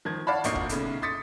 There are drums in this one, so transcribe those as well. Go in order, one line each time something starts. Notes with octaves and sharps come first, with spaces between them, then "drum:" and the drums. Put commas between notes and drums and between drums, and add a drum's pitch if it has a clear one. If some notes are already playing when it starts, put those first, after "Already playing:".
D#3 F3 G#6
C#5 D5 F5 F#5 A5 B5
G#1 D2 A#2 D#5 C#6 C7, drum: hi-hat
drum: kick
B1 A2 C#3, drum: hi-hat
C6 D6 D#6 A6 B6 C#7